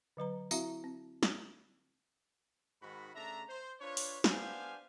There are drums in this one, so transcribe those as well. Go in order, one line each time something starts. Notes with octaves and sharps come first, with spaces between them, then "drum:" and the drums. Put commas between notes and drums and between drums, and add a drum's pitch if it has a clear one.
D3 F#3 B4 A#5
C4 E4 F#4 E5 F5 A#5, drum: tambourine
C4
drum: snare
G#2 D#3 F#4 B5
C#3 A3 D4 E5 A#5
C5
D4 F4 B4 C#5
drum: open hi-hat
B3 D4 G4 C5 F5 G#5, drum: snare